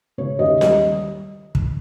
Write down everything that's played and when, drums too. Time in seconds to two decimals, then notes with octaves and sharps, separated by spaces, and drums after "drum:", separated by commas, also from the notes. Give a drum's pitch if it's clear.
0.18 C#3 C#5
0.39 D#2 D#5
0.61 G3 D#5, drum: snare
1.55 drum: kick